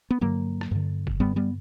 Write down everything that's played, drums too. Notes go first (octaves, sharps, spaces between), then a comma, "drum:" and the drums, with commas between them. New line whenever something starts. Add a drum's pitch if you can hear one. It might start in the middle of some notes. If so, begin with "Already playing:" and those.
B3
G2 D3 F#3 A#3
drum: rim click
G2 D3
drum: kick F#1
G2 D3 G3 B3
G3 B3